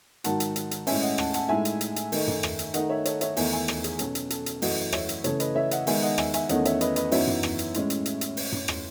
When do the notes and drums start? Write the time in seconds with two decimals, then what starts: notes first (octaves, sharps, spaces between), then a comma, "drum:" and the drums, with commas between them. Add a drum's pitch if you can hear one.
0.24 G#2 D#3 F#3 F#5 A5, drum: hi-hat
0.40 drum: hi-hat
0.56 drum: hi-hat
0.71 drum: hi-hat
0.87 A2 G#3 C#4 E5 G#5, drum: open hi-hat
1.02 D#5 F#5
1.18 F#5 A5, drum: rim click
1.34 F#5 A5, drum: hi-hat
1.49 A2 G#3 D#4 E5 G#5
1.65 drum: hi-hat
1.81 drum: hi-hat
1.96 drum: hi-hat
2.12 D#3 A3 D#4, drum: open hi-hat
2.28 drum: tom F#2
2.43 drum: rim click
2.59 drum: hi-hat
2.74 D#3 A3 D#4 D#5 F#5, drum: hi-hat
2.90 C#5 E5
3.05 A4 C#5, drum: hi-hat
3.21 C#5 E5, drum: hi-hat
3.37 E2 D#3 A3 D#4 E5 G#5, drum: open hi-hat
3.53 E5 G#5
3.68 drum: rim click
3.84 G#4, drum: hi-hat
3.99 B2 F#3 C#4 A4, drum: hi-hat
4.15 drum: hi-hat
4.30 A4, drum: hi-hat
4.46 drum: hi-hat
4.62 F#2 E3 A3 D#5 F#5, drum: open hi-hat
4.92 C#5 E5, drum: rim click
5.09 drum: hi-hat
5.24 C#3 E3 A3 A4 C#5, drum: hi-hat
5.40 B4 D#5, drum: hi-hat
5.55 C#5 E5
5.71 D#5 F#5, drum: hi-hat
5.87 D#3 G#3 B3 D#4 E5 G#5, drum: open hi-hat
6.02 D#5 F#5
6.18 E5 G#5, drum: rim click
6.34 E5 G#5, drum: hi-hat
6.49 E2 D#3 A3 C#4 D#5 F#5, drum: hi-hat
6.65 C#5 E5, drum: hi-hat
6.81 B4 D#5, drum: hi-hat
6.96 B4 D#5, drum: hi-hat
7.12 F#2 E3 B3 D#4 C#5 E5, drum: open hi-hat
7.27 drum: tom F#2
7.43 drum: rim click
7.59 drum: hi-hat
7.74 A2 G#3 C#4, drum: hi-hat
7.90 drum: hi-hat
8.06 drum: hi-hat
8.21 drum: hi-hat
8.37 drum: open hi-hat
8.52 drum: tom F#2
8.68 drum: rim click